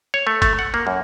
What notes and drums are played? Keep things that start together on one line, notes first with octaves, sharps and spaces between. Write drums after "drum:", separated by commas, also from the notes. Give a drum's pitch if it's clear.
C#5
A3
A3, drum: kick G1, hi-hat
F#5
A#3
F#2